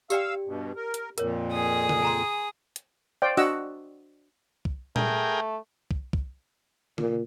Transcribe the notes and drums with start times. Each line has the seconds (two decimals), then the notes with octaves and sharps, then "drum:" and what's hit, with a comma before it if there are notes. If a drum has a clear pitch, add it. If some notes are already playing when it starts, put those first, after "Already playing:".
0.10 G4 D5 F5 G5 E6, drum: tambourine
0.46 G2 B2
0.76 A#4
0.94 drum: hi-hat
1.18 F2 A#2 A#4 C#5, drum: hi-hat
1.53 G#4 D#6
1.89 drum: tom C#3
2.02 G#5 A#5 C6
2.76 drum: hi-hat
3.22 C5 D5 F5 G5
3.37 D4 F#4 D#5 F#5 E6, drum: open hi-hat
4.65 drum: kick
4.96 A3 G#4 A#4 G5, drum: tom A#2
5.91 drum: kick
6.13 drum: kick
6.98 A#2, drum: tom C#3